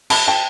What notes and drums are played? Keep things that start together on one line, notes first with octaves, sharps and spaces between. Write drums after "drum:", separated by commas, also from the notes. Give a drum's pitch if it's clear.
A5 B5, drum: cymbal
G5 A5